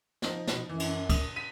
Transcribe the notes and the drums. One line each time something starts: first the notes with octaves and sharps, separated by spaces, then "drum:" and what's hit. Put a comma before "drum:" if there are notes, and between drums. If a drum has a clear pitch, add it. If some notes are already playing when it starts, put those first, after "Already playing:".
F3 D#4, drum: snare
B2, drum: snare
F#2 E3
drum: cymbal
D#6, drum: kick, cymbal
B6 D#7